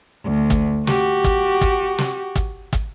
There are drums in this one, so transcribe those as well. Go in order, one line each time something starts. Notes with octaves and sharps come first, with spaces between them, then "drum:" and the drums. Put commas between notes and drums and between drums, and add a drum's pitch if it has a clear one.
D2
drum: kick, hi-hat
F#4 G4, drum: snare
drum: kick, hi-hat
drum: kick, hi-hat
drum: snare
drum: kick, hi-hat
drum: kick, hi-hat